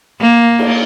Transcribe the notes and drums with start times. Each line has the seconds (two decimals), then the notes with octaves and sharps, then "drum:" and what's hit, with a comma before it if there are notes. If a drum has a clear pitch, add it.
0.20 A#3
0.59 drum: cymbal